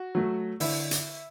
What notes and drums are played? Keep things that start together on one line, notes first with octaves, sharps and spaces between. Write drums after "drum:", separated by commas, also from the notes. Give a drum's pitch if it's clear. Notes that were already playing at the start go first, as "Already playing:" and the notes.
Already playing: F#4
F#3 A3
D3 E4 E5, drum: open hi-hat
drum: hi-hat